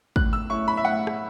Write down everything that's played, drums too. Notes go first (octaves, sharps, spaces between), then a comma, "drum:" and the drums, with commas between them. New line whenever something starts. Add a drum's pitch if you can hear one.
A2 F#6, drum: kick
E6
A3 C#4 E4 C#6
B5
E5
A2 F#5
drum: rim click